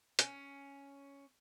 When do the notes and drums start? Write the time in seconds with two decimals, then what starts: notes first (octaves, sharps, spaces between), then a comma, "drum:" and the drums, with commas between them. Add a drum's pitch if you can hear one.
0.19 C#4, drum: hi-hat